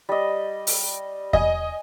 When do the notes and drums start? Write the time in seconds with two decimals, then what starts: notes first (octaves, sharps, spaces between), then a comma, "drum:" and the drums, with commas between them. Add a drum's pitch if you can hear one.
0.09 G3 D#5
0.67 drum: open hi-hat
1.33 D#5 G#5, drum: kick E2